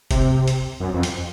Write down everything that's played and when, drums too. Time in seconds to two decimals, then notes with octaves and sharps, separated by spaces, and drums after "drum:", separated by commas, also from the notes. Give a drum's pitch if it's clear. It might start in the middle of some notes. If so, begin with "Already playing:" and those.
0.11 C3, drum: kick, hi-hat
0.48 drum: hi-hat
0.80 F#2
0.94 F2
1.03 drum: hi-hat